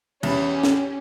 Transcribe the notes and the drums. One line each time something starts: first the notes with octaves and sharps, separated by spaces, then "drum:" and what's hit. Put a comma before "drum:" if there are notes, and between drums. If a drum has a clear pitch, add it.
E2 C#4 G4 B5, drum: cymbal
drum: snare